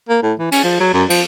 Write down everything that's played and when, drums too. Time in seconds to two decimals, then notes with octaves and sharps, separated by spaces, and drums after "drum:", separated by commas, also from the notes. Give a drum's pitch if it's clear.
0.09 A#3
0.23 A2
0.40 E3
0.52 C#4, drum: cymbal
0.64 F3
0.80 F#3
0.94 F#2
1.10 F3, drum: cymbal